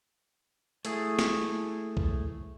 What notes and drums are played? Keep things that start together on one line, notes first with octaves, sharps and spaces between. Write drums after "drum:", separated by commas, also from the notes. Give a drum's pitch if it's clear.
A3 E4 G#4, drum: hi-hat
drum: snare
drum: kick B1